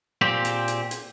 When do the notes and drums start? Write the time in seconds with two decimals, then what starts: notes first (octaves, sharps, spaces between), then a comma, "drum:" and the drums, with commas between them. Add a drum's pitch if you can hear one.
0.21 A#2 C4 G4
0.45 drum: hi-hat
0.68 drum: hi-hat
0.91 drum: hi-hat